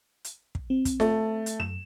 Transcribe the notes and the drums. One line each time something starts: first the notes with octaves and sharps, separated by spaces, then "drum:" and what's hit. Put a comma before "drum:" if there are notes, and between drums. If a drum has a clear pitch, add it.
drum: hi-hat
drum: kick
C4
drum: kick, hi-hat
A3, drum: snare F4
drum: hi-hat
F#2 E7